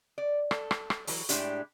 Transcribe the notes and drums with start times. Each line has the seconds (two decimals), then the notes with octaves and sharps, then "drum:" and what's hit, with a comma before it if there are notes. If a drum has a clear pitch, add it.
0.18 D5
0.51 A4, drum: rim click
0.71 drum: rim click
0.90 drum: rim click
1.07 E3 F#3, drum: open hi-hat
1.29 A2 G#3 D4 G4, drum: hi-hat